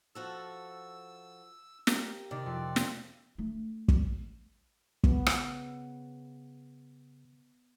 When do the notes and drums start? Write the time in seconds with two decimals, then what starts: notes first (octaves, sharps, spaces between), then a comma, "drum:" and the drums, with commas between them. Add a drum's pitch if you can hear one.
0.15 F3 F#4 A4 E6
1.87 G4 A#4, drum: snare
2.31 C3 D#3 D5
2.46 F2
2.76 drum: snare
3.38 A3 D4
3.88 drum: kick
5.04 C#3 B3, drum: kick
5.26 drum: rim click